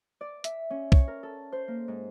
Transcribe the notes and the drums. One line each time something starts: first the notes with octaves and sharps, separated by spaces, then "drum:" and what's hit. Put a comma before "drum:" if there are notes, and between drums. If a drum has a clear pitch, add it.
D5
E5, drum: hi-hat
C#4
C#5, drum: kick
A#4
A4
C5
A#3
G#2